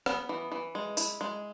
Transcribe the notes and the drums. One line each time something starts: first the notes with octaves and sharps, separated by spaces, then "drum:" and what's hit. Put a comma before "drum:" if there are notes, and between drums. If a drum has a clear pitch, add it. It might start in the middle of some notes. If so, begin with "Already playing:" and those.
B3, drum: rim click
E3
E3
G#3
E4, drum: tambourine
G#3